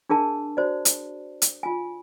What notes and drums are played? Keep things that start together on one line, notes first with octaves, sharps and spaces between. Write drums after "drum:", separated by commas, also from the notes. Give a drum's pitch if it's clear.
D4 G#4 A#4 A5
F#4 C5 D5
drum: hi-hat
drum: hi-hat
F4 G#5